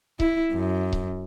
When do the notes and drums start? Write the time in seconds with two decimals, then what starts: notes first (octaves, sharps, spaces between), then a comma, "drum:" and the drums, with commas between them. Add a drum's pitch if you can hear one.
0.20 E4, drum: kick C#1
0.53 F#2
0.93 drum: kick C#1